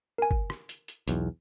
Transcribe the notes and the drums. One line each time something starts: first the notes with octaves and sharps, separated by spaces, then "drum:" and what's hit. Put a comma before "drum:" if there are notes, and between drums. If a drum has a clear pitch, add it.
A#4 G#5
drum: kick
drum: rim click
drum: hi-hat
drum: hi-hat
B1 E2, drum: hi-hat